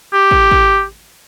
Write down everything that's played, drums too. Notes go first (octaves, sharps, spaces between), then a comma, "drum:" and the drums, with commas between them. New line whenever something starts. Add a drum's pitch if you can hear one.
G4
drum: kick
drum: kick